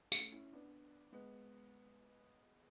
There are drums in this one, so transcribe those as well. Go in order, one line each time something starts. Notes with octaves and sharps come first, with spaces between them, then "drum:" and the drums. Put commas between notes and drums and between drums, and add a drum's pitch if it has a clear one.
A3 C#4, drum: tambourine
C#4 E4
B3 D4
G#3 B3